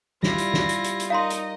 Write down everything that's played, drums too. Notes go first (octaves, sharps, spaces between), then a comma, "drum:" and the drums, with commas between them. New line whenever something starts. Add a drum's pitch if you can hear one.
G3 E4 F4 A#6, drum: snare
drum: hi-hat
drum: snare
drum: hi-hat
drum: hi-hat
drum: hi-hat
D#4 A#4 D#5 F5 A#5 C6
drum: hi-hat